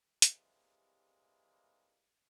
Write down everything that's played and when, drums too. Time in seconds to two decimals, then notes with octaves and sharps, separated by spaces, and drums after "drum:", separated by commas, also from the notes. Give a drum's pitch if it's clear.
0.22 C3 E3 G3 G#3 A#3, drum: hi-hat